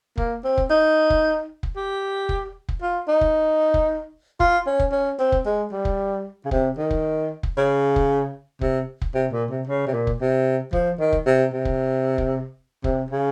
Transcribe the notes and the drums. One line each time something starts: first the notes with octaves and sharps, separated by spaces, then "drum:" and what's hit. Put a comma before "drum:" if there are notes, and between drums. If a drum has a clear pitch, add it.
A#3, drum: kick
C4
drum: kick
D#4
drum: kick
drum: kick
G4
drum: kick
drum: kick
F4
D#4
drum: kick
drum: kick
F4, drum: kick
C#4
drum: kick
C#4
C4
drum: kick
G#3
G3
drum: kick
C#3
C3, drum: kick
D#3
drum: kick
drum: kick
C#3
drum: kick
C3, drum: kick
drum: kick
C3
A#2
C3
C#3
C3
A#2
drum: kick
C3
F3, drum: kick
D#3
drum: kick
C3
C3
drum: kick
drum: kick
C3, drum: kick
C#3